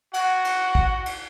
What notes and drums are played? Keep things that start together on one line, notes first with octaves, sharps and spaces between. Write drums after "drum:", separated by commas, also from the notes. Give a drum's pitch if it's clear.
F#4 F#5, drum: cymbal
drum: cymbal
drum: kick
drum: cymbal